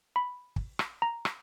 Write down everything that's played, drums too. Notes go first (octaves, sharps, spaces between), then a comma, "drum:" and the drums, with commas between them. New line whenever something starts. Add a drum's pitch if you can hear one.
B5
drum: kick
drum: rim click
A#5
drum: rim click